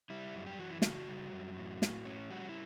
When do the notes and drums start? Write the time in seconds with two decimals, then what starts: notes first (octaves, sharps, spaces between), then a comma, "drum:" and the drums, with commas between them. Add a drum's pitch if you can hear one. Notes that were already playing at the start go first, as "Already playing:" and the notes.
0.10 G3 E4
0.35 F#2
0.47 G4
0.59 E3 F#4
0.70 E4
0.82 C#3 F#4, drum: snare
1.08 G3
1.33 F#2
1.57 A2
1.82 A2, drum: snare
2.05 C#4
2.30 G3 F#4
2.49 E4